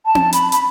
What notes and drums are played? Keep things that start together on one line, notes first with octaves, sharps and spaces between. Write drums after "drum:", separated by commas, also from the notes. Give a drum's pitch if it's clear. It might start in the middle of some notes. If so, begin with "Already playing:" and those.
A5
drum: tom C4
B5, drum: hi-hat
B5, drum: hi-hat